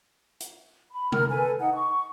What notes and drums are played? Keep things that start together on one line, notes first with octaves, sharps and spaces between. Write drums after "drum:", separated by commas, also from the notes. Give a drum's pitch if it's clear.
drum: hi-hat
B5
A#4 F6, drum: tom C3
A4 B4 G#5
D#4 F#5
C#6